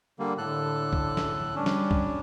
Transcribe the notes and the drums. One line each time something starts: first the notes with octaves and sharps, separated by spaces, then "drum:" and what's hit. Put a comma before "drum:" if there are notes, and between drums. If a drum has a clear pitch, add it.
D3 G3 A#3
A2 D3 A4 F#6
drum: kick
drum: snare
G3 C#4 D4
drum: snare
drum: kick